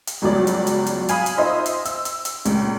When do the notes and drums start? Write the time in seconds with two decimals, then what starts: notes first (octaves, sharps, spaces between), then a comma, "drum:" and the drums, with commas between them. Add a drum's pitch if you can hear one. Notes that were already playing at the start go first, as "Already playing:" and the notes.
0.07 drum: hi-hat
0.22 G1 C#2 F3 F#3 D5
0.47 drum: hi-hat
0.67 drum: hi-hat
0.86 drum: hi-hat
1.09 F5 G#5 B5 D#6, drum: hi-hat
1.26 drum: hi-hat
1.37 D#4 F4 C5 D#5 E5
1.66 drum: hi-hat
1.85 E6, drum: hi-hat
2.05 drum: hi-hat
2.25 drum: hi-hat
2.45 C#2 A#2, drum: hi-hat